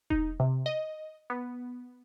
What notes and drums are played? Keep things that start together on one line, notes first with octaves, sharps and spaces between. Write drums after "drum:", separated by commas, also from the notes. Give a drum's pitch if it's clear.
D#4, drum: kick E1
C3
D#5
B3